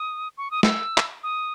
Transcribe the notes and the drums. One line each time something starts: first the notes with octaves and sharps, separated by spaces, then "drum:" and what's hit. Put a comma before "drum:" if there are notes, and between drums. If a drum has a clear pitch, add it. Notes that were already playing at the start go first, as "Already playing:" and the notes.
Already playing: D#6
C#6
D#6
E6, drum: snare
drum: clap
D#6